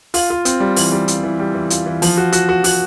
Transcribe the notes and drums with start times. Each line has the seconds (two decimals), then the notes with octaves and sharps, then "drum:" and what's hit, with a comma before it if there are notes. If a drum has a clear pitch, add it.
0.14 F4, drum: open hi-hat
0.30 F4
0.45 C4, drum: hi-hat
0.60 G3
0.76 E3, drum: open hi-hat
0.92 G3
1.08 F4, drum: hi-hat
1.23 E3
1.40 G3
1.54 E3
1.70 F4, drum: hi-hat
1.86 E3
2.02 F3, drum: open hi-hat
2.17 F#4
2.32 F#4, drum: hi-hat
2.49 F#4
2.64 F#4, drum: open hi-hat